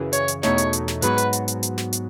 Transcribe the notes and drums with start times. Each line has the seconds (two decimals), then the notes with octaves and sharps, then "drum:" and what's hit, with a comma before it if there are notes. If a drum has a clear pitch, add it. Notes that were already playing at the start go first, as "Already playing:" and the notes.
Already playing: F#2 C#3 E3
0.13 C#5, drum: hi-hat
0.28 drum: hi-hat
0.43 E2 B2 A3 D#4 C#5, drum: snare
0.58 drum: hi-hat
0.73 drum: hi-hat
0.88 drum: snare
1.02 G#2 F#3 B3 F#4 B4, drum: hi-hat
1.18 drum: hi-hat
1.33 drum: hi-hat
1.48 drum: hi-hat
1.63 drum: hi-hat
1.78 drum: snare
1.93 drum: hi-hat